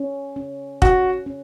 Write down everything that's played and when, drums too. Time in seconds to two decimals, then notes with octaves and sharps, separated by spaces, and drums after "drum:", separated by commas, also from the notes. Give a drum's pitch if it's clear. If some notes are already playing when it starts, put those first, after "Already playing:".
Already playing: C#4
0.36 C#4
0.82 C#4 F#4, drum: kick
1.26 C#4